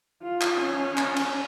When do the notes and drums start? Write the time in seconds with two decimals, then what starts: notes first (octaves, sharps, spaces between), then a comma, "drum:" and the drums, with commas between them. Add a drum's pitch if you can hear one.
0.23 F4
0.41 drum: clap
0.61 C#4
0.98 drum: clap
1.16 drum: cymbal